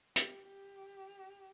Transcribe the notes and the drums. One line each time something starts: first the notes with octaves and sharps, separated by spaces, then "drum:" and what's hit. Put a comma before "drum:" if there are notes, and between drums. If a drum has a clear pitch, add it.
G4, drum: hi-hat
G4